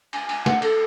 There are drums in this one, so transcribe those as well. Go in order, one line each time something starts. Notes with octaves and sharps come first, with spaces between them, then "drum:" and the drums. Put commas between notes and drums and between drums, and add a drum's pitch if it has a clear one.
G#5, drum: cymbal
G#5, drum: cymbal
F#5, drum: snare
A4, drum: cymbal